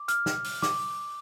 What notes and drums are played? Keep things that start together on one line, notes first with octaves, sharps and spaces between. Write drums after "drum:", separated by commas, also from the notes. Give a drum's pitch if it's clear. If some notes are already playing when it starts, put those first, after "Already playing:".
Already playing: D6
F6, drum: hi-hat
drum: snare
drum: open hi-hat
D6, drum: snare